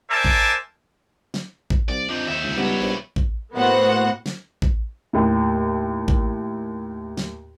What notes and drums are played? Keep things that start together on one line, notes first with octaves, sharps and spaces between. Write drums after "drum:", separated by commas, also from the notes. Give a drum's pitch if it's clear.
A#4 C5 D5 E5 G#5 A5
drum: kick
drum: snare
drum: kick
C2 D5
F2 D4 D#4
D#2 D#4 E5
C#2
G3 B3 D#4 E4 C#5
A#1
drum: kick
A2 A#3 B3 F#4 C5 F#5
drum: snare
drum: kick
D#2 A2
drum: kick
drum: snare